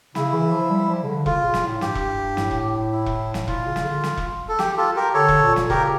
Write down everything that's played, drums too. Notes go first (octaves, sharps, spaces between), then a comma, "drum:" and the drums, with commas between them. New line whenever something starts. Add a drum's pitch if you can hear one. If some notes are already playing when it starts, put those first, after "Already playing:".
C#3 E4, drum: snare
E3
F3
G3
F3
C#3
D3
C#3 F4, drum: kick E1
A#2
drum: snare
A2
G2 G4, drum: snare
drum: kick E1
A2, drum: snare
drum: kick E1
E4
drum: kick E1
drum: snare
A#2 F4, drum: kick E1
C#3
drum: snare
D3
drum: snare
drum: kick E1
A4
G4, drum: snare
F4 A4
G4 A#4
D3 A4 C#5
drum: kick E1
A#2
drum: snare
C#3 G4 A#4, drum: kick E1